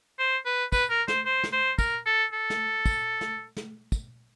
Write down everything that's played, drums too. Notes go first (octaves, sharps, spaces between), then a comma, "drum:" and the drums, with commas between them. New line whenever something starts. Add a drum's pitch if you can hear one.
C5
B4
B4, drum: kick, tambourine
A#4
C5, drum: snare
C5
drum: snare
C5
A#4, drum: kick, tambourine
A4
A4
drum: snare
drum: kick, tambourine
drum: snare
drum: snare
drum: kick, tambourine